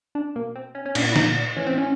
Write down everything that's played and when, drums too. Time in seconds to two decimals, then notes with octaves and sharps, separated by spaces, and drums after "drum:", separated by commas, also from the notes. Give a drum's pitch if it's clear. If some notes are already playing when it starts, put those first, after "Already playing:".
0.15 D4
0.36 B2 A#3
0.56 C4
0.75 C#4
0.86 C#4
0.95 A#2 D4, drum: cymbal
1.12 E4
1.16 D#4, drum: snare
1.56 A2 E3 C#4
1.66 C4
1.78 C#4